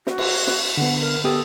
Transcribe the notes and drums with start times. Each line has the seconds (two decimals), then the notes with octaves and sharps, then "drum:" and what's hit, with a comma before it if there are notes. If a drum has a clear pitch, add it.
0.07 F#4, drum: snare
0.18 drum: cymbal
0.47 drum: snare
0.77 D3 B3 F#5
1.01 A#4
1.24 B3 G4 A4 D#6